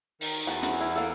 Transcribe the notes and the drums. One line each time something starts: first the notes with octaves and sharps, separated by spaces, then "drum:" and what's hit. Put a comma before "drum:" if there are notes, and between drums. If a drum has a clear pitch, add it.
D#3, drum: open hi-hat
E2 F#4 A5
drum: hi-hat
E4
A#3 A4